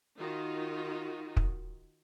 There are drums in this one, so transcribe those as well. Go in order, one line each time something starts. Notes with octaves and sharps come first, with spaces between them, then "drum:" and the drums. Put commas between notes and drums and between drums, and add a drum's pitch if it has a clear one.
D#3 D#4 F4 F#4
drum: kick